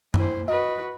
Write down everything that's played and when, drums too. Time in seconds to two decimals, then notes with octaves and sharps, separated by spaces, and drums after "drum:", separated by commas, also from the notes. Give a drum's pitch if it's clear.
0.14 E4 C5, drum: tom F#2
0.48 F#4 B4 D#5